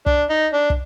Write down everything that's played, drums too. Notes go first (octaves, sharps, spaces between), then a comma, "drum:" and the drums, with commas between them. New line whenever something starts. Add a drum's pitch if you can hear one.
D4, drum: kick
D#4
D4
drum: kick